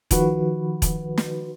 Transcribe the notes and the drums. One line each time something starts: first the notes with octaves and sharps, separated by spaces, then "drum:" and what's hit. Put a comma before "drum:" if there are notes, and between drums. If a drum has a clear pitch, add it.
D#3 F3 F#4 B4, drum: kick E1, hi-hat
drum: kick E1, hi-hat
drum: snare